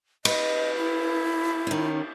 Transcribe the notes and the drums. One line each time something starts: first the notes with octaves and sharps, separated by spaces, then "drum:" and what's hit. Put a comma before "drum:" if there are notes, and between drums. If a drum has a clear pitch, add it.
B4 D#5, drum: cymbal
E4
D#3 C#4